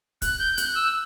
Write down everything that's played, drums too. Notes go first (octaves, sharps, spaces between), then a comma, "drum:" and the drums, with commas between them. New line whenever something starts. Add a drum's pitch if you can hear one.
F#6, drum: kick, hi-hat
G6
F#6, drum: hi-hat
E6